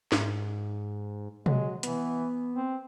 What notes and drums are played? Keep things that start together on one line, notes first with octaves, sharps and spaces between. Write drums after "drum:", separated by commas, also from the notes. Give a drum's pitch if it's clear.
G#2, drum: snare
F#3 G#3, drum: tom B2
E3 B3, drum: hi-hat
C4